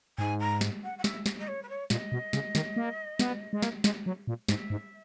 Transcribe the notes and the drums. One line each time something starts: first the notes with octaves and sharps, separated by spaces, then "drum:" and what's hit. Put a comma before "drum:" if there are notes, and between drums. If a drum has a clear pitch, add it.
G#2 G#5
A#5
drum: snare
F#5
F#5
E5, drum: snare
drum: snare
D#5
C#5
B4
C#5
A#2 D#5, drum: snare
B2
C#3, drum: snare
D#3, drum: snare
A#3
B3, drum: snare
G#3
A#3, drum: snare
G#3, drum: snare
F#3
A#2
G#2 E5, drum: snare
G#2